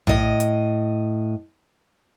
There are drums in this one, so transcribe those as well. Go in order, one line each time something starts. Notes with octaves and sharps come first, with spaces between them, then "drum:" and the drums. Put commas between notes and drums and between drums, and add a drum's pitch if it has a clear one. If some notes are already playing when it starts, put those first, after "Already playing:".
A2 D#5, drum: tom A#1
drum: hi-hat